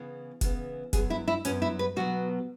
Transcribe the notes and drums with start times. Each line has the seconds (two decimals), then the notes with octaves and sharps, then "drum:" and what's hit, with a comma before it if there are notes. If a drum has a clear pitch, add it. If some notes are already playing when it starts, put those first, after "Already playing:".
Already playing: C#3 E3 B3
0.41 C#3 E3 B3, drum: kick F1, hi-hat
0.93 F#2 F#3 B3 G#4, drum: kick F1, hi-hat
1.10 E4
1.28 E4
1.45 F#2 F#3 B3 C#4, drum: hi-hat
1.62 E4
1.79 B4
1.96 B2 F#3 B3 F#4